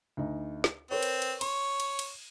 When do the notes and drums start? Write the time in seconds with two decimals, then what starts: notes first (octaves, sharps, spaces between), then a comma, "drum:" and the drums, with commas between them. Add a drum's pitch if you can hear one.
0.17 D2 D#4
0.64 drum: snare
0.91 C4 A#4 B4 C#5
1.03 drum: cymbal
1.22 drum: cymbal
1.41 C#5 C6, drum: cymbal
1.80 drum: cymbal
1.99 drum: cymbal